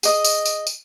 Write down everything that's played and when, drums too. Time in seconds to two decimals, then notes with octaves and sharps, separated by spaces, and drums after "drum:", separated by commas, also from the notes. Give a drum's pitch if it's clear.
0.03 G#4 D#5, drum: tambourine
0.24 drum: tambourine
0.46 drum: tambourine
0.67 drum: tambourine